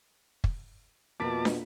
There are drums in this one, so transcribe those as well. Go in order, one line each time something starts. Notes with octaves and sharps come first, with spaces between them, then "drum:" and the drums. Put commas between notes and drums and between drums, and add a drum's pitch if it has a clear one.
drum: kick
F2 B2 A#3 F4 A#4 A5 D6 B6
drum: snare